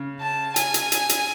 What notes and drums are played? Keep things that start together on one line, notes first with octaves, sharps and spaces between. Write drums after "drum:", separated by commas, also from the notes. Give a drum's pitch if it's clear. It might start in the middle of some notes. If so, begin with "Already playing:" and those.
Already playing: C#3
A5
G#5, drum: hi-hat
drum: hi-hat
drum: hi-hat
drum: hi-hat